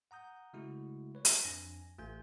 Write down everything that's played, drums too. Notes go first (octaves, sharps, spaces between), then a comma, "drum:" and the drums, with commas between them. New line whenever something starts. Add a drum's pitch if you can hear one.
F#5 A#5 D#6 G6
C#3 G#3 A3 E4 F#4
B4 C#5
drum: hi-hat
F2 D4 G#5 A#6
A1 A3 F4 G#5 G6